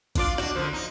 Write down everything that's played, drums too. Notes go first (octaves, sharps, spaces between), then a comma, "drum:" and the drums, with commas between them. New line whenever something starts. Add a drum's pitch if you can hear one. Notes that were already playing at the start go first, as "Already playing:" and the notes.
D4 F4 D5, drum: kick, hi-hat
D4 F#4, drum: rim click
F#2 D3 F3
D#4